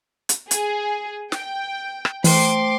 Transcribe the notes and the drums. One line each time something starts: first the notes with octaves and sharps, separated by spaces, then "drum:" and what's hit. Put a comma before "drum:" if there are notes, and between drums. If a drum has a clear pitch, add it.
drum: hi-hat
G#4, drum: hi-hat
G5, drum: snare
drum: rim click
E3 A3 C5 G5 C6 D6, drum: open hi-hat